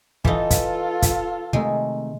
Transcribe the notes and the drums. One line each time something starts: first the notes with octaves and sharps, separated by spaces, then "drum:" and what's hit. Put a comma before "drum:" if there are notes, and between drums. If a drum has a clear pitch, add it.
E3 D#4 F4 A4, drum: kick
drum: kick, hi-hat
drum: kick, hi-hat
C3 D#3 G#3 A3